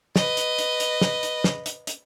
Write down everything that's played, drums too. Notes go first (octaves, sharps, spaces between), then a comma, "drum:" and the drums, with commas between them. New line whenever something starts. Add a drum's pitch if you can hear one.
B4 D#5, drum: snare
drum: hi-hat
drum: hi-hat
drum: hi-hat
drum: snare
drum: hi-hat
drum: snare
drum: hi-hat
drum: hi-hat